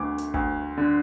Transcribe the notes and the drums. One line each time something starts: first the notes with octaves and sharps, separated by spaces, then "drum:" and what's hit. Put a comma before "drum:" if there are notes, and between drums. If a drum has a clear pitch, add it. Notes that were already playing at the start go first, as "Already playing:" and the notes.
Already playing: D2 D3 A3 D6
drum: hi-hat
D2, drum: kick
D3